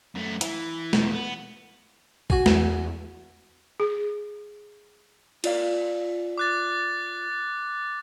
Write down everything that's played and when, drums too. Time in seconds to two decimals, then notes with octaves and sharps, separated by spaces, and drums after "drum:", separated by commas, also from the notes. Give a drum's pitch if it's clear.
0.15 F#2 A3
0.41 E3, drum: hi-hat
0.93 E2 B2, drum: snare
1.13 B3
2.30 F#4 G#5, drum: kick
2.46 E2, drum: snare
3.80 G#4
5.44 F4 D5 F5, drum: cymbal
6.38 D6 F#6 A6